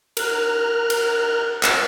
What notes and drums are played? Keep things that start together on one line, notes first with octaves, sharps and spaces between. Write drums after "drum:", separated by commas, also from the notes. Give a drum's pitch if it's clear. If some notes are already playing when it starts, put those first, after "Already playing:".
A#4 F6 F#6, drum: cymbal
drum: cymbal
drum: clap